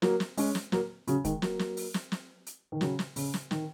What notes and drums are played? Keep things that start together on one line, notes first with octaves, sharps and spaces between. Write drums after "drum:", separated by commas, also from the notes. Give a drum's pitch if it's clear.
F#3 A#3, drum: snare
drum: snare
G#3 C#4, drum: open hi-hat
drum: snare
F#3 A#3, drum: snare
C#3 F#3, drum: hi-hat
D#3 G#3, drum: kick, hi-hat
F#3 A#3, drum: snare
drum: snare
drum: open hi-hat
drum: snare
drum: snare
drum: hi-hat
D#3
C#3 F#3, drum: snare
drum: snare
C#3, drum: open hi-hat
drum: snare
D#3, drum: snare